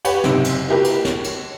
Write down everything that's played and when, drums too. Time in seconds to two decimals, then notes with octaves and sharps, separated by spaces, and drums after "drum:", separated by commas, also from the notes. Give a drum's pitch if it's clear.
0.05 G4 B4 C#5 F#5, drum: cymbal
0.24 F#1 G#2 C3, drum: snare
0.44 drum: cymbal
0.69 A#3 E4 F#4 G4 A#4 B4
0.84 drum: cymbal
1.05 C#5, drum: snare
1.24 drum: cymbal